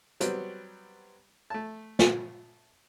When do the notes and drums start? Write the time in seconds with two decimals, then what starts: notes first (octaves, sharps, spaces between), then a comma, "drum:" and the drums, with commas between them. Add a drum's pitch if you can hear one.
0.21 F#3 G3 B3 C4, drum: hi-hat
1.50 A3 A5
1.99 drum: snare